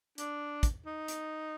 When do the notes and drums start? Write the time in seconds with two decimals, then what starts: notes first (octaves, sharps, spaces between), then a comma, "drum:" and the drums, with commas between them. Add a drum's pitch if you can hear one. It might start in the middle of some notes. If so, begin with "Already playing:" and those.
0.18 D4, drum: hi-hat
0.63 drum: kick, hi-hat
0.86 D#4
1.08 drum: hi-hat